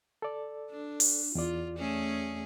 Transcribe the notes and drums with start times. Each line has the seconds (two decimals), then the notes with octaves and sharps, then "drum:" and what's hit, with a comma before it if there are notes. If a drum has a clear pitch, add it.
0.22 A4 D5
0.70 D4
1.00 drum: open hi-hat
1.35 E2 F4 D5
1.77 A3 C#4 G#4